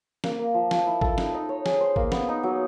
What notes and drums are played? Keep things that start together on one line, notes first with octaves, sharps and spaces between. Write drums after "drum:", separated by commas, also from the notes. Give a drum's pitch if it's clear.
A#3, drum: snare
A#3
F3
F3, drum: snare
E4
A4, drum: kick G#1
D#4, drum: snare
D#4
C#5
G#4, drum: snare
C5
A#3, drum: kick G#1
B3, drum: snare
D#4
F#3